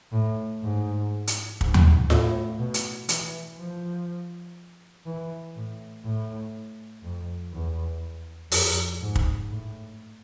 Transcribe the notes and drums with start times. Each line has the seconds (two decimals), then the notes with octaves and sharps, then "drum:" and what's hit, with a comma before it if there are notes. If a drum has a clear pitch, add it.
0.12 A2
0.62 G#2
1.27 drum: hi-hat
1.61 G#2, drum: kick
1.74 drum: tom D#2
2.10 A2, drum: snare F4
2.59 B2
2.74 drum: hi-hat
3.09 E3, drum: hi-hat
3.58 F3
5.06 E3
5.56 A2
6.05 A2
7.04 F2
7.53 E2
8.52 F2, drum: open hi-hat
9.01 G#2
9.16 drum: kick
9.50 A2